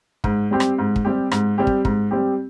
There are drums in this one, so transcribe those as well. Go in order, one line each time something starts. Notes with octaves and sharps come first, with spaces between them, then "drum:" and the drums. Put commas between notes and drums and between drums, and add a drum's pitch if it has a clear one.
G#2, drum: kick
G3 C4 G4
drum: rim click
G#2
drum: kick
G3 C4 G4
G#2, drum: rim click
G3 C4 G4
drum: kick
G#2, drum: kick
G3 C4 G4